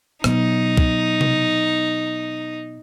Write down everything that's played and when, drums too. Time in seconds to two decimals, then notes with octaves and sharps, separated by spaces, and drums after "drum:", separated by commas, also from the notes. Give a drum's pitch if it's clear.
0.24 B2 F#3 D#4, drum: rim click
0.77 drum: kick
1.21 drum: tom C3